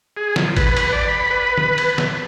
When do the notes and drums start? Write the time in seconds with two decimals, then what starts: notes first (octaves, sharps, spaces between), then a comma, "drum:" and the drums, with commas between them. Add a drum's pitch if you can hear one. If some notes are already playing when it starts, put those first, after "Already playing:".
0.17 G#4
0.36 F3, drum: snare
0.56 B4, drum: kick G#1, cymbal
0.77 drum: cymbal
0.93 D5
1.08 B5
1.31 B4
1.58 drum: tom
1.78 drum: cymbal
1.98 drum: snare